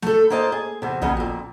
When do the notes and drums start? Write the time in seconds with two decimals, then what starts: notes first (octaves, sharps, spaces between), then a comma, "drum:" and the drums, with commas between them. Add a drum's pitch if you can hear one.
0.02 A3 A4, drum: snare
0.30 A#3 F4 C5 D#5 G5 A5
0.52 G#4
0.82 E2 C3
1.02 D#2 C#3 B3 D#5, drum: tom
1.17 F2 A#2